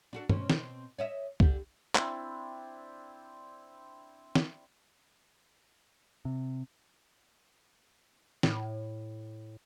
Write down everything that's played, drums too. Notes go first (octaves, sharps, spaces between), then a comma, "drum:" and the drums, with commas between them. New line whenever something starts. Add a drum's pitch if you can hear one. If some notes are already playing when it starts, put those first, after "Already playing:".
D4 F#4 A4
B2 C4 C#4, drum: tom
B2 C4, drum: snare
C#5 D#5 E5
D3 G4, drum: kick C2
C4 D4 E4, drum: clap
drum: snare
C3
A2, drum: snare